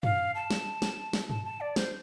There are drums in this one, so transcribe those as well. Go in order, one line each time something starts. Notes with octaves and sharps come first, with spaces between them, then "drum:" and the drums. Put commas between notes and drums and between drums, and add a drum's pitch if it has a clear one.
F5, drum: tom F#2
A5
drum: snare
drum: snare
drum: snare
A5, drum: tom G2
A5
D5
C5, drum: snare